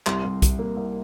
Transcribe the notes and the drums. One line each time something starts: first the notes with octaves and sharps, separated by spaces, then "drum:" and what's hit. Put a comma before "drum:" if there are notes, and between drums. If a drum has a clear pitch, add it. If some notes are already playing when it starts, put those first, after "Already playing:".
C2 C6, drum: clap
C2
C3, drum: kick B1, hi-hat
A#3
C2